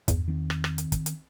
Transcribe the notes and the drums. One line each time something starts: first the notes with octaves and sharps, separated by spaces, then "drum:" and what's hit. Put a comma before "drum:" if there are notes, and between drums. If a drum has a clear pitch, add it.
E2 G2, drum: kick, hi-hat
D#3 C4
drum: rim click
drum: rim click
drum: hi-hat
drum: kick, hi-hat
drum: hi-hat